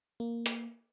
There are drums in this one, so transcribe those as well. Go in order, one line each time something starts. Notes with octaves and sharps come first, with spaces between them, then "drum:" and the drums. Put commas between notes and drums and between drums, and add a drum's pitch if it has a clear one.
A#3
drum: hi-hat